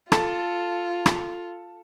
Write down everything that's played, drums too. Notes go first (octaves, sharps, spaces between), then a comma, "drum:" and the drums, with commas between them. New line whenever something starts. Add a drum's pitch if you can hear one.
F4 A4, drum: rim click
drum: rim click